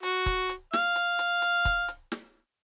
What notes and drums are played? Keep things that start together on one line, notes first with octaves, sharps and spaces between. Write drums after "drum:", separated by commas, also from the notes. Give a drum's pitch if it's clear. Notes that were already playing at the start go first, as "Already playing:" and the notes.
F#4, drum: hi-hat
drum: kick, hi-hat
drum: hi-hat
F5, drum: snare
drum: hi-hat
drum: hi-hat
drum: hi-hat
drum: kick, hi-hat
drum: hi-hat
drum: snare